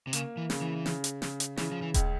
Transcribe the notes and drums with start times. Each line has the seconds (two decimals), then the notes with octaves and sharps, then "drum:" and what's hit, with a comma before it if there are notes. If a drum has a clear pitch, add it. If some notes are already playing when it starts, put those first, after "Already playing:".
0.07 C3
0.13 C#3 A#3, drum: hi-hat
0.37 E3
0.50 C#3, drum: snare
0.61 E3
0.86 C#3, drum: snare
1.04 drum: hi-hat
1.22 C#3, drum: snare
1.40 drum: hi-hat
1.57 C#3 E3, drum: snare
1.72 F3
1.82 E3
1.94 C#2, drum: kick D#1, hi-hat